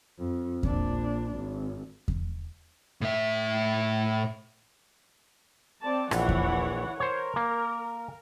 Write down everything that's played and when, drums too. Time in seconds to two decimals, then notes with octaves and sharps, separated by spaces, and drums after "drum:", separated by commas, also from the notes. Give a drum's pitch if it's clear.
0.18 F2
0.63 A#1 D4, drum: kick E2
1.36 G#1
2.08 drum: kick E2
3.01 A2 E5
5.82 C4 D5 A5
6.11 A#1 E3 C#5 F#5, drum: rim click
6.29 drum: kick E2
7.00 A#4 C5 C#5
7.36 A#3